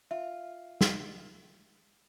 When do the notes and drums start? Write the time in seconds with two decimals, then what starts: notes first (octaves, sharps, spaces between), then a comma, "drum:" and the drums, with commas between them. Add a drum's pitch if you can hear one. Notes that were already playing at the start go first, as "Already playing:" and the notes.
0.11 F4 E5
0.81 drum: snare